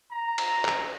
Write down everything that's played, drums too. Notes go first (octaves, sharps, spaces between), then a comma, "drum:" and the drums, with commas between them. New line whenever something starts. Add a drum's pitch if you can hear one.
A#5
drum: cymbal
drum: clap